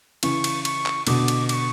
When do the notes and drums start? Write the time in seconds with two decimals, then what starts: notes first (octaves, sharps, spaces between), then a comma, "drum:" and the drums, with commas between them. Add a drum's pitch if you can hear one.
0.23 C#3 E3 C#6, drum: cymbal
0.44 drum: cymbal
0.65 C#6, drum: cymbal
0.86 drum: clap
1.07 B2 D3 D6, drum: cymbal
1.28 drum: cymbal
1.49 D6, drum: cymbal
1.54 C#6